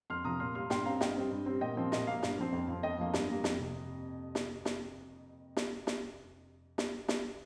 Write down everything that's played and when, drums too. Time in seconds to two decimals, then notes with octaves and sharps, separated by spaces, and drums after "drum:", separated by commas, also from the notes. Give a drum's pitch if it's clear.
0.10 F2 C6 F6
0.25 C3 F3 A#5 D#6
0.40 A#2 C6 F6
0.55 G3 A#3 C6 F6
0.70 G2 G5 C6, drum: snare
0.85 G3 C4 F5 A#5
1.01 G2 D#5 G5, drum: snare
1.16 G3 C4
1.31 G2
1.46 G3 C4
1.61 A#2 D#5 G5
1.77 F3 C4
1.92 A#2 D#5, drum: snare
2.07 A#3 F5
2.23 G2, drum: snare
2.38 F3 C4
2.53 F2
2.68 F3 C4
2.83 F2 D#5 G5
2.98 F3 A#3
3.14 G2, drum: snare
3.29 G3 A#3
3.44 F2, drum: snare
3.59 C3
4.35 drum: snare
4.65 drum: snare
5.57 drum: snare
5.87 drum: snare
6.78 drum: snare
7.08 drum: snare